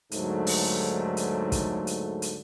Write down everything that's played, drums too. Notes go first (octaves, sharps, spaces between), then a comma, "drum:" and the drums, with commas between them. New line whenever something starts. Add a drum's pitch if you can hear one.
D#2 G#2 D3 F#3 A3, drum: hi-hat
drum: open hi-hat
drum: hi-hat
drum: kick, hi-hat
drum: hi-hat
drum: hi-hat